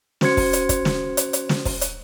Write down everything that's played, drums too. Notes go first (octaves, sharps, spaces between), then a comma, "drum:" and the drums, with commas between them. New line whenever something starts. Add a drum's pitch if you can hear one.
C#4 F#4 C5 C6 G#6 C#7, drum: snare
drum: kick, open hi-hat
drum: hi-hat
drum: kick, hi-hat
drum: snare
drum: hi-hat
drum: hi-hat
drum: snare
drum: kick, open hi-hat
drum: hi-hat